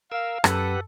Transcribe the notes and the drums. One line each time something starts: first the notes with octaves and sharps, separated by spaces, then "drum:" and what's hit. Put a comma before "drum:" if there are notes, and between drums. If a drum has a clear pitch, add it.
A#4 F5 E6
F#2 G4 A4 B4 F#5, drum: rim click